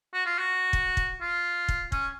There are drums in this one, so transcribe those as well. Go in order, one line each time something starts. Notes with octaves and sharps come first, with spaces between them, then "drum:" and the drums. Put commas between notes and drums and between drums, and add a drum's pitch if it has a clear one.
F#4
F4
F#4
drum: kick
drum: kick
F4
drum: kick
C#4, drum: kick